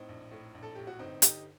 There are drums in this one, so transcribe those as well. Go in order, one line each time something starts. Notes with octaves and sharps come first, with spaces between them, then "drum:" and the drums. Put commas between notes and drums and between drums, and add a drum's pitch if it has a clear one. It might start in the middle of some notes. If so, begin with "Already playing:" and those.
Already playing: A2 C4 D#4
A#1
A2
A#1
A4
A2 G4
F#4
G1 C4 D#4
G1 D#4 G4, drum: hi-hat